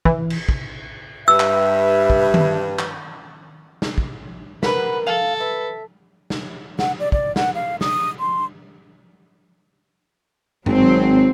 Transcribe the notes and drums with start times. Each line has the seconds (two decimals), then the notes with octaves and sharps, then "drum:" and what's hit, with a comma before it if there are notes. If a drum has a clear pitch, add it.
0.05 E3, drum: kick
0.30 drum: cymbal
0.49 drum: kick
1.28 G2 B4 E5 E6
1.40 drum: clap
2.10 drum: kick
2.34 drum: tom D#3
2.79 drum: clap
3.82 drum: snare
3.98 drum: kick
4.63 A#4 B4 F#5 B5, drum: snare
5.07 A4 F5
5.40 B4 E5
6.30 drum: snare
6.79 F#5, drum: snare
7.00 D5
7.12 D5, drum: kick
7.36 F#5, drum: snare
7.55 F5
7.81 D#6, drum: snare
8.20 C6
10.66 G#1 F#3 C4, drum: tom G2